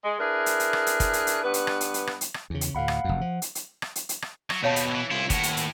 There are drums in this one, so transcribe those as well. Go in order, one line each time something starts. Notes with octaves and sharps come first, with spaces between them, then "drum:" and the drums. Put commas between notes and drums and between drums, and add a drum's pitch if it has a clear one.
G#3
D4 E4 G#4 A#4 B4
drum: hi-hat
drum: hi-hat
drum: rim click
drum: hi-hat
drum: kick, hi-hat
drum: hi-hat
drum: hi-hat
G2 B3 B4
drum: hi-hat
drum: rim click
drum: hi-hat
drum: hi-hat
drum: rim click
drum: hi-hat
drum: rim click
E2 C#3
drum: hi-hat
D2 A2 F5 F#5 B5
drum: rim click
F1 F#2 F#5
F3
drum: hi-hat
drum: hi-hat
drum: rim click
drum: hi-hat
drum: hi-hat
drum: rim click
F#3, drum: rim click
D#2 B2 G3 C#5 F5 A5
drum: hi-hat
E3
C2 E4 F4
D#2 A2 F#5, drum: kick, hi-hat
drum: hi-hat
drum: hi-hat